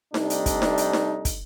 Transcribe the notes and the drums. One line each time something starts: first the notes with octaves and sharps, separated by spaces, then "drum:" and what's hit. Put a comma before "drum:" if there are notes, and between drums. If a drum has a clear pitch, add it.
C3 G3 A3 D4 D#4, drum: snare D#4
drum: hi-hat
drum: kick, hi-hat
drum: snare D#4
drum: hi-hat
drum: snare D#4
drum: kick, hi-hat